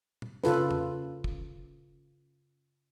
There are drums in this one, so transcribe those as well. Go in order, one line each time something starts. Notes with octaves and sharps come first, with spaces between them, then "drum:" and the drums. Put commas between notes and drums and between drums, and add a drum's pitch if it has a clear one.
drum: tom
C#3 F4 A4 B4, drum: snare
drum: tom
drum: kick